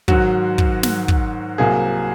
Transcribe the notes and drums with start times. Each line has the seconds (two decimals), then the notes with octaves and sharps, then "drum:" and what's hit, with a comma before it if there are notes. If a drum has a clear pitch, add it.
0.08 G#2 D#3 F#3 F#4, drum: kick
0.58 drum: kick
0.83 drum: snare
1.08 drum: kick
1.58 C2 C3 F#3 A#3 G#4